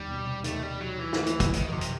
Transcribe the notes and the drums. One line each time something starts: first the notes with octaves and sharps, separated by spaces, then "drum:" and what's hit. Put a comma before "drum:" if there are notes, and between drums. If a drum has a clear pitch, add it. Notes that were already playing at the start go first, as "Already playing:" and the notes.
Already playing: D#2 D#3 G3
B2
C3
D#2 D#3 A3, drum: hi-hat
G3
F#3
E3
drum: snare
drum: hi-hat
drum: kick, hi-hat
E2 D#3 E3, drum: hi-hat
F#2 C3 F#3
drum: hi-hat